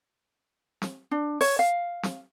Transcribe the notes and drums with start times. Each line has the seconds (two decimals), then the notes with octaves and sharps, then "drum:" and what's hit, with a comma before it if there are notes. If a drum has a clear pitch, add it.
0.82 drum: snare
1.11 D4
1.41 C#5, drum: open hi-hat
1.59 F5
2.03 drum: snare